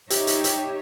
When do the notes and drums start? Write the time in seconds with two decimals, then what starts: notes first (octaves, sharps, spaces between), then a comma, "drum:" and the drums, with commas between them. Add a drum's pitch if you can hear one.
0.10 D#4 G4 C#5 E5, drum: hi-hat
0.27 drum: hi-hat
0.44 drum: hi-hat